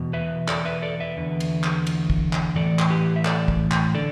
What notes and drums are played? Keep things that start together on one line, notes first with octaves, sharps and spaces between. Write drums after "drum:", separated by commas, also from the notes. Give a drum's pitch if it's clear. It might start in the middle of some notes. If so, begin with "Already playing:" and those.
Already playing: E2 B2
B4 E5
A4 D5, drum: clap
B4 E5
A4 D5
B4 E5
E2 D3
drum: cymbal
drum: clap
drum: cymbal
drum: kick
drum: clap
A2 E3 A4 D5
drum: clap
G4 B4
E5
A4 D5, drum: clap
drum: kick
drum: clap
D3 A4 D5